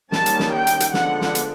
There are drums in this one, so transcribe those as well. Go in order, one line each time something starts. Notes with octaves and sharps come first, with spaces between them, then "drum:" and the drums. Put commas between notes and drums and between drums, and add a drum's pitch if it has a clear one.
D#3 G3 A#3 C#4 A5, drum: snare
drum: hi-hat
drum: snare
G5
drum: hi-hat
drum: hi-hat
D3 F3 G#3 B3 D4 F#5, drum: snare
drum: snare
drum: hi-hat